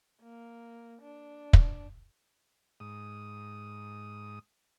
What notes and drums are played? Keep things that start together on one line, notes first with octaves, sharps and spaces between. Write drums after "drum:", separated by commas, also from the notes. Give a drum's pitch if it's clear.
A#3
D4
drum: kick
G#2 D#6